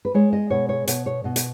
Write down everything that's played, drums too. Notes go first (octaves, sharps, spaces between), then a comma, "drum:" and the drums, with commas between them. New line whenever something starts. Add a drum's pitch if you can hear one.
B4
G#3 C#5
D#5
B2 C#5
C#5
B2 C#5, drum: hi-hat
C#5
B2 D#5
D#5, drum: hi-hat